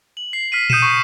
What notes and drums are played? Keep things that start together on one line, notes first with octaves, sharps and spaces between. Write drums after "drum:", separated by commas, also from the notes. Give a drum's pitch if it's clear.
F#7
C7
F6 B6 C7 D#7
D#6 G6 C#7 D#7 E7, drum: tom A#2
C#6 D#6 C#7